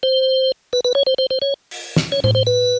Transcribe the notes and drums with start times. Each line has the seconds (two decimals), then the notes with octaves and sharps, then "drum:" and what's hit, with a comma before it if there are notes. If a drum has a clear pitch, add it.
0.03 C5
0.73 B4
0.85 B4
0.95 C#5
1.07 C5
1.18 C5
1.31 C5
1.42 C#5
1.71 drum: open hi-hat
1.96 drum: snare
2.12 C#5
2.24 C5, drum: tom A2
2.35 C5
2.47 B4